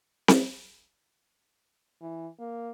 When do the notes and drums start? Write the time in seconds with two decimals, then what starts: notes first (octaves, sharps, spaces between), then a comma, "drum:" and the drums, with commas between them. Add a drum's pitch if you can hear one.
0.28 drum: snare C4
2.01 E3
2.39 A#3